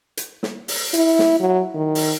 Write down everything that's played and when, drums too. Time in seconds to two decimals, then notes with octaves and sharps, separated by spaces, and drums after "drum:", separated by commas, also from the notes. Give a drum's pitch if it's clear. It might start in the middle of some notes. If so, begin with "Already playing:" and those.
0.17 drum: hi-hat
0.43 drum: snare
0.68 drum: open hi-hat
0.94 E4, drum: hi-hat
1.19 drum: snare
1.40 F#3
1.75 D#3
1.95 drum: open hi-hat